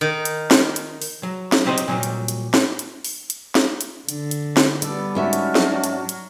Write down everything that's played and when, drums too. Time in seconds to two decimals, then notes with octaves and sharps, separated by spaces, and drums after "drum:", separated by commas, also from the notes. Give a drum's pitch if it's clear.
0.01 D#3
0.25 drum: hi-hat
0.51 drum: snare
0.76 drum: hi-hat
1.02 drum: open hi-hat
1.23 F#3
1.52 drum: snare
1.65 F#3 C4 G4 B4 C5 D#5
1.78 drum: hi-hat
1.88 A#2 F#3 G3
2.03 drum: hi-hat
2.28 drum: hi-hat
2.54 drum: snare
2.79 drum: hi-hat
3.05 drum: open hi-hat
3.30 drum: hi-hat
3.55 drum: snare
3.81 drum: hi-hat
4.09 D3, drum: hi-hat
4.31 drum: hi-hat
4.57 drum: snare
4.82 G3 B3 D4 D5 E6, drum: hi-hat
5.15 G#2 C#4 D4 F#4 E5 F6
5.33 drum: hi-hat
5.55 F#3, drum: snare
5.84 drum: hi-hat
6.09 drum: hi-hat